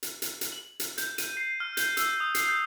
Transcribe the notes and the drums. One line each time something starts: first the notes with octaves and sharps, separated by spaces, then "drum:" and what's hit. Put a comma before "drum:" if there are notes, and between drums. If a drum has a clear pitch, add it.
drum: hi-hat
drum: hi-hat
drum: hi-hat
F#7
drum: hi-hat
G6, drum: hi-hat
D#7, drum: hi-hat
C7
F6
G6, drum: hi-hat
E6, drum: hi-hat
D#6
C7, drum: hi-hat
G6